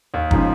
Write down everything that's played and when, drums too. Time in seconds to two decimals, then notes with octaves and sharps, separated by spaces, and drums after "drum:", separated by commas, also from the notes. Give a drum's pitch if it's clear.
0.14 D#2
0.31 C#3 F3 G#3 D#4, drum: kick